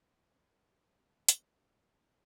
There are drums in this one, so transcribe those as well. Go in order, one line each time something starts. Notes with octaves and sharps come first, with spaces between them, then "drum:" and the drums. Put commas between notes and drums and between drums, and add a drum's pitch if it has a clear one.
E4 C5
D#4 A4 B4
A#2 G#3 G#4, drum: hi-hat